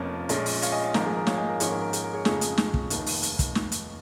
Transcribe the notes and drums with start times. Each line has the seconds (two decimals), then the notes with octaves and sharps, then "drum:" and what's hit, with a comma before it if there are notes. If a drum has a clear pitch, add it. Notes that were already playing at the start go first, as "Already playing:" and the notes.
Already playing: F1 F2 F3 A#3 C#4 A#4
0.29 A#1 A#2 G#3 C#4, drum: hi-hat
0.46 drum: open hi-hat
0.62 C#5 F5, drum: hi-hat
0.72 D#5 G#5
0.83 C#5 F5
0.94 G#1 G#2 F3 A#3 A#4, drum: snare
1.06 G#4
1.16 A#4
1.27 C#5 F5, drum: snare
1.38 D#5 G#5
1.49 A#4
1.60 G#1 G#2 F3 A#3 C#4 G#4 C#5, drum: hi-hat
1.71 A#4
1.81 A#4
1.93 G#4, drum: hi-hat
2.04 A#4
2.14 G#4 C#5
2.25 F2 C#3 G#3 C#4 G#4 C#5, drum: snare
2.41 drum: hi-hat
2.58 drum: snare
2.74 drum: kick
2.90 F1 D#2 D#3, drum: hi-hat
3.06 drum: open hi-hat
3.23 drum: hi-hat
3.39 drum: kick, hi-hat
3.55 drum: snare
3.72 drum: hi-hat